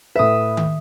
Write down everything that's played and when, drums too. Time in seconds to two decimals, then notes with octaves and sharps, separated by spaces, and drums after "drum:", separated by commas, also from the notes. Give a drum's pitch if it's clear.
0.15 A2 B4 E5 D#6
0.57 drum: tom D#3